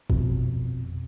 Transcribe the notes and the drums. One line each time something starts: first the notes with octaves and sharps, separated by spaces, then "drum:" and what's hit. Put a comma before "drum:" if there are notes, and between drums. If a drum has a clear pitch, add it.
F2 B2, drum: kick